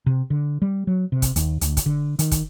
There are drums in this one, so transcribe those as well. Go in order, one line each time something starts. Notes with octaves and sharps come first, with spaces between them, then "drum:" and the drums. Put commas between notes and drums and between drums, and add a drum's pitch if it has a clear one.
C3
D3
G3
F#3
C3
drum: kick, hi-hat
D#2, drum: hi-hat
D2, drum: hi-hat
drum: kick, hi-hat
D3
D#3, drum: hi-hat
drum: kick, hi-hat